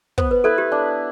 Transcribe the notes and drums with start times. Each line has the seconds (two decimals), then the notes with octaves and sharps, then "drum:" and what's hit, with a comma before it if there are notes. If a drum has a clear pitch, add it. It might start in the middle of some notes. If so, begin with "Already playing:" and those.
0.18 B3 C5, drum: kick
0.31 B4
0.44 E4 A4 B4
0.58 G4
0.72 D4